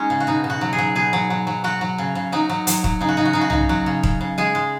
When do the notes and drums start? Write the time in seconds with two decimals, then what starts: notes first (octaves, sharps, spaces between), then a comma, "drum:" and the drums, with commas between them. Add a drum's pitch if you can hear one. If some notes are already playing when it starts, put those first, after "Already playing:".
Already playing: G#3 C#4 D#4
0.10 C#3
0.20 F#4
0.27 B2 D#4
0.44 B2
0.50 F#4
0.61 F#3
0.73 G#4
0.78 F#3
0.95 B2 G#4
1.13 F#3
1.30 F#3
1.47 F#3
1.64 F#3 F#4
1.81 F#3
1.98 C#3
2.15 C#3
2.32 F#3 D#4
2.49 F#3
2.67 F#3, drum: hi-hat
2.84 F#3, drum: kick D#1
3.01 C#3 D#4
3.09 F#4
3.17 C#3 D#4
3.25 F#4
3.33 C#3 D#4
3.41 F#4
3.50 C#3 D#4, drum: tom B1
3.69 F#3 F#4
3.86 C#3
4.03 C#3, drum: kick D#1
4.21 C#3
4.38 G#3 G#4
4.55 G#3